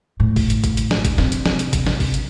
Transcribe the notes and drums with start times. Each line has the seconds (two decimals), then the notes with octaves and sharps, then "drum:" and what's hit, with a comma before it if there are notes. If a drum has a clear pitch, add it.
0.20 A2
0.36 drum: kick, open hi-hat
0.50 drum: hi-hat
0.64 drum: kick, hi-hat
0.77 drum: hi-hat
0.91 drum: snare
1.05 drum: kick, hi-hat
1.18 C3, drum: snare
1.32 drum: hi-hat
1.46 drum: snare
1.59 drum: hi-hat
1.73 drum: kick, hi-hat
1.87 drum: snare
2.00 drum: kick, open hi-hat
2.14 drum: hi-hat